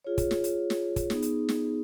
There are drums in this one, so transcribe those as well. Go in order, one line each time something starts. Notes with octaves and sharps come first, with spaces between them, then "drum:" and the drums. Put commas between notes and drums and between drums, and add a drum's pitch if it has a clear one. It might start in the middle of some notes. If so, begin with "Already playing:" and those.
F4 G#4 C#5
drum: kick, hi-hat
drum: snare
drum: hi-hat
drum: snare
drum: kick, hi-hat
B3 D#4 G#4, drum: snare
drum: hi-hat
drum: snare